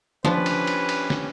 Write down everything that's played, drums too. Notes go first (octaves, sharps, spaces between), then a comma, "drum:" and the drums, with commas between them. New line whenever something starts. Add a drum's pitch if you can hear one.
F3 C#4 D4 G4 B4, drum: snare
drum: cymbal
drum: cymbal
drum: cymbal
drum: snare